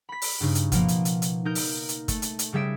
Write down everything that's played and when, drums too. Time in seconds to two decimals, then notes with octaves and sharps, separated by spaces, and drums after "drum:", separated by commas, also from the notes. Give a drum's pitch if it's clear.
0.09 B5 B6
0.22 drum: open hi-hat
0.40 G2 C#3 D#4
0.55 drum: hi-hat
0.72 B2 F3 A#3, drum: kick, hi-hat
0.88 drum: hi-hat
1.05 drum: hi-hat
1.22 drum: hi-hat
1.45 D#4 A#4 G6
1.55 drum: open hi-hat
1.89 drum: hi-hat
2.08 A3, drum: kick, hi-hat
2.22 drum: hi-hat
2.39 drum: hi-hat
2.52 C#3 G3 G#4 E5 D7